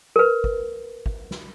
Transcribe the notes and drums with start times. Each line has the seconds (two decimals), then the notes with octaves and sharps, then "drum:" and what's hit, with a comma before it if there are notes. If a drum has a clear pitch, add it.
0.16 A#4 B4
0.44 drum: kick
1.06 drum: kick
1.31 drum: snare